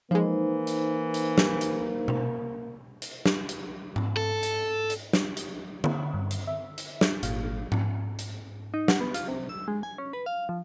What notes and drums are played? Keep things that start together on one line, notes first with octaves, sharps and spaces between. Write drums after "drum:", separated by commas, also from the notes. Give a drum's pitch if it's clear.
E3 F3 G#3 A#3 D#4 C5
drum: hi-hat
drum: hi-hat
drum: snare
drum: hi-hat
drum: tom B2
drum: hi-hat
drum: snare
drum: hi-hat
drum: tom G#2
A4
drum: hi-hat
drum: hi-hat
drum: snare
drum: hi-hat
drum: tom D3
G2
drum: hi-hat
E5
drum: hi-hat
drum: snare
G#1 A#2 F5, drum: hi-hat
drum: tom G#2
drum: hi-hat
D#4
F#5, drum: snare
B3
F4, drum: hi-hat
C3
E6
G#3
G#5
C#4
B4
F5
F3